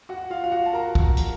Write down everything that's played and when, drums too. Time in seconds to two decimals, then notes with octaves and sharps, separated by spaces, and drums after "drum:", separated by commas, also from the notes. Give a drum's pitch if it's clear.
0.09 F#4 F#5
0.30 F4 F5
0.44 F5
0.52 F#4 F#5
0.66 A5
0.73 A#4 A#5
0.95 drum: kick
1.17 drum: hi-hat